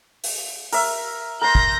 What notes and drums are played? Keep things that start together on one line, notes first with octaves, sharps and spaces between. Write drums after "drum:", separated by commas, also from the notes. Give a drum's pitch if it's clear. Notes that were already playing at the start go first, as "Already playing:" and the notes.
drum: open hi-hat
A#4 E5, drum: open hi-hat
A#4 C6 G6 A#6
drum: kick